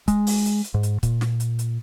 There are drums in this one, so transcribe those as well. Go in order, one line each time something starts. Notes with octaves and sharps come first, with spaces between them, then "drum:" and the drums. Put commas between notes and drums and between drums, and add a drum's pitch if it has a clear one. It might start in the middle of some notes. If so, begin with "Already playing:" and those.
G#3, drum: kick C#1, hi-hat
drum: open hi-hat
drum: hi-hat
drum: hi-hat
G#2
drum: hi-hat
A#2, drum: kick C#1, hi-hat
drum: snare
drum: hi-hat
drum: hi-hat